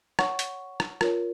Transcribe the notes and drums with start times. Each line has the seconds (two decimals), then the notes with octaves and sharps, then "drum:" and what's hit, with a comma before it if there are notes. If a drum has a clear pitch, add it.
0.19 C#5 F#5 C#6, drum: rim click
0.39 drum: hi-hat
0.80 drum: rim click
1.01 F4 A#4 C#5, drum: rim click